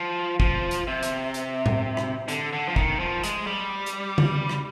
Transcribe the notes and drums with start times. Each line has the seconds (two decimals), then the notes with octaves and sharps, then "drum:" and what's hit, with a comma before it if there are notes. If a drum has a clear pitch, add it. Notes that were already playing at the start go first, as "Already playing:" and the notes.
Already playing: F3
0.40 F3, drum: kick
0.71 drum: hi-hat
0.87 C3
1.03 drum: hi-hat
1.34 drum: hi-hat
1.66 drum: tom A2
1.97 drum: rim click
2.28 D3, drum: hi-hat
2.53 D3
2.69 F3
2.76 D#3, drum: kick
3.00 F3
3.24 G#3, drum: hi-hat
3.47 G3
3.86 drum: hi-hat
4.18 drum: tom C#3
4.49 drum: rim click